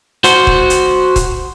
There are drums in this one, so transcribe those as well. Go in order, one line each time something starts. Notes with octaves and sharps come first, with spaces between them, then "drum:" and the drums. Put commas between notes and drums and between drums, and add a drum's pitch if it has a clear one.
F#4 C5, drum: hi-hat
drum: kick D#1
drum: hi-hat
drum: kick D#1, hi-hat